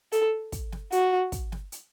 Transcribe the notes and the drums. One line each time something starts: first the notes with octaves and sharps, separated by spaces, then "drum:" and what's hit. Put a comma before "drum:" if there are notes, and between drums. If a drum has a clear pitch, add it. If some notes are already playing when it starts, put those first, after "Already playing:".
A4, drum: hi-hat
drum: kick, hi-hat
drum: snare
F#4, drum: hi-hat
drum: kick, hi-hat
drum: snare
drum: hi-hat